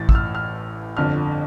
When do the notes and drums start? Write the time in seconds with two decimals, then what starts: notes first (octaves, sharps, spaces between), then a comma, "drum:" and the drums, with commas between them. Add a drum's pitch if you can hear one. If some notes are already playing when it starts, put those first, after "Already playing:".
Already playing: A1 A2 E3 A6
0.09 E6, drum: kick
0.15 F6
0.35 F6
0.97 G1 F2 D3 F6